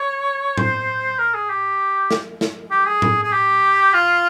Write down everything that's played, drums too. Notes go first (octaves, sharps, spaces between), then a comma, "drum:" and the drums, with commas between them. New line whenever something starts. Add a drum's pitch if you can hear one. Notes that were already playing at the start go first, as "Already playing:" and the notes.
Already playing: C#5
C5, drum: tom A2
A#4
G#4
G4
drum: snare
drum: snare
G4
G#4
drum: tom A2
G#4
G4
F4